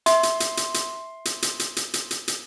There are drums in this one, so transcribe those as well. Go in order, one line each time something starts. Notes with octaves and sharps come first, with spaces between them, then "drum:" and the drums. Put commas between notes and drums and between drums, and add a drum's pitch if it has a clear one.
E5 C6, drum: hi-hat
drum: hi-hat
drum: hi-hat
drum: hi-hat
drum: hi-hat
drum: hi-hat
drum: hi-hat
drum: hi-hat
drum: hi-hat
drum: hi-hat
drum: hi-hat
drum: hi-hat